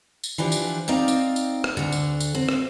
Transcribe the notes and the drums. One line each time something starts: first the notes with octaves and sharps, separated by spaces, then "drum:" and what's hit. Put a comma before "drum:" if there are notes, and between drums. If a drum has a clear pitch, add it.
drum: tambourine
E3 F3 D4 G4
drum: tambourine
C4 D#4 D5 F5
drum: tambourine
drum: tambourine
drum: rim click
D2 D3
drum: tambourine
drum: tambourine
C4
drum: rim click